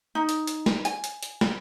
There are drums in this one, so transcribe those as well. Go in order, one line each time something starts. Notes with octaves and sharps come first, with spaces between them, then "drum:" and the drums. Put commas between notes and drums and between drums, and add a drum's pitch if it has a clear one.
D#4
drum: hi-hat
drum: hi-hat
drum: snare
G#5, drum: hi-hat
drum: hi-hat
drum: hi-hat
drum: snare